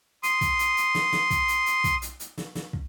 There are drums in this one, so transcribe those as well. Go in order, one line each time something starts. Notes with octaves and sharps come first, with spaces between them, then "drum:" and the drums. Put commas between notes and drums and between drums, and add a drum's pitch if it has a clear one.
C6 D#6, drum: hi-hat
drum: kick, hi-hat
drum: hi-hat
drum: hi-hat
drum: snare
drum: snare
drum: kick, hi-hat
drum: hi-hat
drum: hi-hat
drum: kick, hi-hat
drum: hi-hat
drum: hi-hat
drum: snare
drum: snare
drum: kick